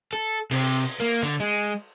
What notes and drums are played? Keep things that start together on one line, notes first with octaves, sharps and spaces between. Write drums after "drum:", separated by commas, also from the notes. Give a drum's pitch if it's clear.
A4
C3, drum: cymbal
A#3, drum: open hi-hat
D3
G#3